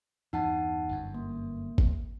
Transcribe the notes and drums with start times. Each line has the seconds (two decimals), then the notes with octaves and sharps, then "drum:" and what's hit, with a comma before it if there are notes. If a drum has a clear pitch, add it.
0.33 E2 G2 E3 D#4 F#5 A5
0.89 G1 F#2
1.15 A#3
1.78 drum: kick G#1